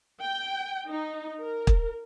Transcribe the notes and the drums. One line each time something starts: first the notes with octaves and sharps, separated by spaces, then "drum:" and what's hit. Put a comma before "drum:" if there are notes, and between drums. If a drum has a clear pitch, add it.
G5
D#4
A#4
drum: kick